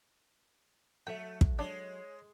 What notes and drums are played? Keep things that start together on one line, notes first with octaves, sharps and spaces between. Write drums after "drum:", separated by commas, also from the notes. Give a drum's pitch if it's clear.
F#3 A3 A4 E5 G5
drum: kick
G#3 D4 C#5